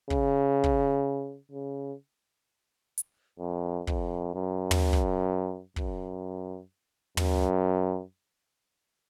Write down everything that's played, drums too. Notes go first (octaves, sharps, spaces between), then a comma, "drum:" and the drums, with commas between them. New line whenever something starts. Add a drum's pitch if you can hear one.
C#3, drum: kick
drum: kick
C#3
drum: hi-hat
F2
F2, drum: kick
F#2
drum: tom
drum: kick
F#2, drum: kick
F#2, drum: tom